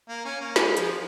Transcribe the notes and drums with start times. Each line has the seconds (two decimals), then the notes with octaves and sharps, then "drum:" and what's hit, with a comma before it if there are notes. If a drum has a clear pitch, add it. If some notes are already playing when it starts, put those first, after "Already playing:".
0.09 A#3
0.25 C#4
0.41 A#3
0.56 G#3, drum: snare
0.77 F3, drum: hi-hat